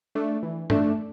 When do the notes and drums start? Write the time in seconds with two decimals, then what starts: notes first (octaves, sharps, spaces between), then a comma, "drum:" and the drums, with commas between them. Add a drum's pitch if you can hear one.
0.15 A3 D4
0.43 E3
0.70 A3 D4, drum: tom G2